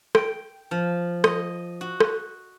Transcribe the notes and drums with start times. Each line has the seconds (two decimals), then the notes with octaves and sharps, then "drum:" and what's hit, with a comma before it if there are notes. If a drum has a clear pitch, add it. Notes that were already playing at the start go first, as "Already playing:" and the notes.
0.15 G5, drum: rim click
0.71 F3
1.24 D#5, drum: rim click
1.81 F#4
2.00 drum: rim click